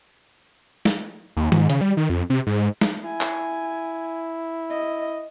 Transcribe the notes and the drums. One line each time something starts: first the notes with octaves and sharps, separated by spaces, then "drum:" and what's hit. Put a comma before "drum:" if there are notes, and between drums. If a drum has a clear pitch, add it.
drum: snare
D#2
G#2, drum: tom D#3
C#3, drum: hi-hat
G3
D#3
F2
C3
G#2
drum: snare
E4 G#5
drum: clap
D#5